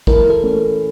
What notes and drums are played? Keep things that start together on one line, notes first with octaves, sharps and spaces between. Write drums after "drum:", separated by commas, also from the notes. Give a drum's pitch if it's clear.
E3 A#4, drum: kick
A4
A3 C#4